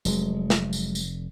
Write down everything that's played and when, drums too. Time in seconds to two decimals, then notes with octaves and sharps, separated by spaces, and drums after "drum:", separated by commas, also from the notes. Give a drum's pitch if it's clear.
0.05 F1 F#3 G#3, drum: tambourine
0.50 drum: snare
0.73 drum: tambourine
0.95 drum: tambourine